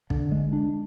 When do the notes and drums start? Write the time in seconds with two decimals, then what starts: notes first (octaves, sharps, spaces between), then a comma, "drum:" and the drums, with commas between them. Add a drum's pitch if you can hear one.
0.10 D3, drum: kick
0.32 G#3
0.53 D4